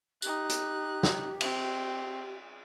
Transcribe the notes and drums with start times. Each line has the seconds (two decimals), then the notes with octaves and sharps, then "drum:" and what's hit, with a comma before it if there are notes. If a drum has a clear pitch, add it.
0.22 D#4 G4 F#6, drum: tambourine
0.49 drum: hi-hat
1.03 drum: snare
1.41 C4, drum: cymbal